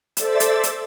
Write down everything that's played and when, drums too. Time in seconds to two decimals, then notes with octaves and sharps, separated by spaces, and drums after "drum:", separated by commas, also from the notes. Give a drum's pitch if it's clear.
0.17 A4 C5 D5 E5 E6 A6, drum: hi-hat
0.40 drum: hi-hat
0.63 drum: hi-hat